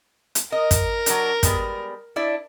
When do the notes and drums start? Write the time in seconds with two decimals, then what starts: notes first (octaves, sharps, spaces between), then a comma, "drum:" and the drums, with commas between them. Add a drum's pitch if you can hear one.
0.35 drum: hi-hat
0.52 A#4 D#5
0.71 drum: kick, hi-hat
1.06 F#3 D4, drum: hi-hat
1.43 G3 G#3 B3, drum: kick, hi-hat
2.16 D4 E4 D5